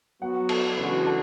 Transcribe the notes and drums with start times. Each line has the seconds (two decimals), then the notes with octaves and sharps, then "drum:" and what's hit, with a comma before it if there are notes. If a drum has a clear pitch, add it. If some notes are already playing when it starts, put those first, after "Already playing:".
0.22 F#3 B3 F#4 F#5
0.49 A4 A5, drum: cymbal
0.77 C#3 E3 G#3 D4 F#4 B4 B5
1.06 A4 A5